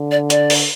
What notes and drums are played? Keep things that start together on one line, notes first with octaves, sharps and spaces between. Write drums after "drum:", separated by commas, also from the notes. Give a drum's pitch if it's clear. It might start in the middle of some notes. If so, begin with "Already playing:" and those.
Already playing: D3
D5
D5, drum: hi-hat
drum: open hi-hat